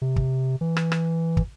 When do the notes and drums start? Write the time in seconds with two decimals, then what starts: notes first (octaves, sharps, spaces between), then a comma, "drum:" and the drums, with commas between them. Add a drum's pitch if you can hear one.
0.02 C3
0.16 drum: kick
0.61 E3
0.77 drum: rim click
0.92 drum: rim click
1.37 drum: kick